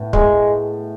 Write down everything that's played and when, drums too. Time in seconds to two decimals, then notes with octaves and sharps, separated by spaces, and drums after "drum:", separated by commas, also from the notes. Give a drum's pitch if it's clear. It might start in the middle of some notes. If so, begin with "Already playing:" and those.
Already playing: A2 B3
0.13 G#3, drum: kick